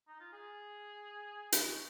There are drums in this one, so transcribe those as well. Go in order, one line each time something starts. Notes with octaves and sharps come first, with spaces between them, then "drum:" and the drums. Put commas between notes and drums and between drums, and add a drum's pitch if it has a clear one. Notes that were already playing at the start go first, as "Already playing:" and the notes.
D#4
F4
G#4
drum: hi-hat
C#4